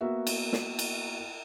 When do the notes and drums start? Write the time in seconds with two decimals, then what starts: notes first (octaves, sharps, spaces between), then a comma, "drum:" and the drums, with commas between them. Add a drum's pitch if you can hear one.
0.01 A#3 B3 F#4 E5
0.27 drum: cymbal
0.53 drum: snare
0.79 drum: cymbal